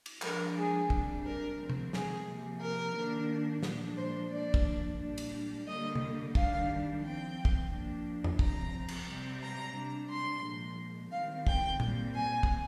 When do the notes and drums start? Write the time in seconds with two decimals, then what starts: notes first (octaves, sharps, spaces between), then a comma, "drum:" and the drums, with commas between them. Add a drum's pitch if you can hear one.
0.06 drum: cymbal
0.22 F3 G#3 D4 A#4, drum: clap
0.56 G#4
0.90 C3 G3 D4, drum: kick
1.25 A#4
1.58 F3 G#3 C4
1.70 drum: tom C3
1.93 G#4, drum: snare
2.27 C3 F3 A#3
2.60 A#4
2.95 D#3 A#3 D4
3.63 A#2 F3 G#3 D4, drum: snare
3.97 C5
4.31 F3 A#3 D4 D5
4.54 drum: kick
5.00 A#2 G3 D4
5.18 drum: cymbal
5.67 D3 G3 A#3 D#5
5.95 drum: tom C3
6.35 D#3 G3 D4 F5, drum: kick
7.03 F3 C4 G5
7.45 drum: kick
7.71 F3 A#3 D4
8.24 drum: tom F2
8.39 C3 F3 C4 A#5, drum: kick
8.88 drum: cymbal
9.07 C3 G3 C4
9.42 A#5
9.75 C3 G3 D4
10.10 C6
10.44 A#2 F3 G#3
11.12 D#3 G3 C4 F5
11.47 G5, drum: kick
11.80 A#2 G3 C4, drum: tom A#2
12.14 G#5
12.43 drum: kick